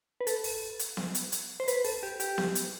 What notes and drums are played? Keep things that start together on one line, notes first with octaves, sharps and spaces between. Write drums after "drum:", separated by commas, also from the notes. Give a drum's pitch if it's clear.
B4
A4, drum: hi-hat
drum: open hi-hat
drum: hi-hat
drum: snare B3
drum: hi-hat
drum: hi-hat
C5
B4, drum: hi-hat
A4, drum: open hi-hat
G4
G4, drum: hi-hat
drum: snare B3
drum: hi-hat